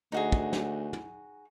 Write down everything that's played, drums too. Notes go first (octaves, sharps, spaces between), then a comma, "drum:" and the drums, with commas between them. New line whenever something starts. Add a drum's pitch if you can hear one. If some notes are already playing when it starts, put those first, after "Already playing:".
D2 D#4 F#4 G#4
drum: kick
drum: snare
drum: tom